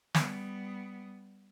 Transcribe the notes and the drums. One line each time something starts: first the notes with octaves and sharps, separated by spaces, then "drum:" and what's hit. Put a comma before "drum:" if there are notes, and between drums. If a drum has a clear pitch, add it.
G3 B3, drum: snare